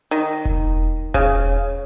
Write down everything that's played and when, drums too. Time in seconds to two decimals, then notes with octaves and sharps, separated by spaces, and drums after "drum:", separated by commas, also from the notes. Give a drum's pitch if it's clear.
0.11 D#3
0.45 drum: kick E1
1.14 C#3, drum: kick E1